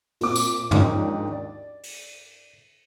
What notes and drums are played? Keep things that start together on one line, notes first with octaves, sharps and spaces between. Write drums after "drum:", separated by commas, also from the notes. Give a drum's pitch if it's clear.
A#2 C4 D6, drum: open hi-hat
drum: tambourine
D#2 G#2 F3 C#4 D4, drum: tom
D5
drum: open hi-hat